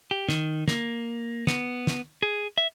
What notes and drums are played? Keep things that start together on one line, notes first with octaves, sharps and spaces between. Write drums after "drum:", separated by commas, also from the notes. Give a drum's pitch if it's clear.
G4
D#3, drum: snare
A#3, drum: snare
B3, drum: snare
drum: snare
G#4
E5